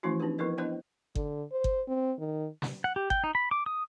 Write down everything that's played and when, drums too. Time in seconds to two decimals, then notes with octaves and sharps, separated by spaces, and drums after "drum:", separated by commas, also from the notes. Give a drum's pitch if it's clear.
0.03 E3 F3 A3 C#4 E4 F#4
0.20 C4 D4 D#4 G4 B4
0.38 F3 B3 E4 A#4 B4 D#5
0.58 B3 D4 E4 C5 D#5 G5
1.15 D3, drum: kick G1
1.52 C5
1.64 drum: kick G1
1.88 C4
2.19 D#3
2.62 drum: snare
2.84 F#5
2.96 G4
3.10 G5, drum: kick G1
3.24 D#4
3.35 B5
3.51 D6
3.66 D#6